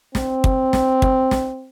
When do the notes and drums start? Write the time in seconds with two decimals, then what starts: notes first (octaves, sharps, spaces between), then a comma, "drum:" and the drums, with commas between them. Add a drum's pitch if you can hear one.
0.15 C4, drum: snare
0.44 drum: kick
0.73 drum: snare
1.02 drum: kick
1.31 drum: snare